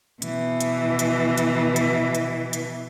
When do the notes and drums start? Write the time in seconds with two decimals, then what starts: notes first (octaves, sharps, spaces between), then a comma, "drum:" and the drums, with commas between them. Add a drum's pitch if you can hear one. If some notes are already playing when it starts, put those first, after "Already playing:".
0.22 B2 E3, drum: hi-hat
0.61 drum: hi-hat
0.99 drum: hi-hat
1.38 drum: hi-hat
1.76 drum: hi-hat
2.15 drum: hi-hat
2.53 drum: hi-hat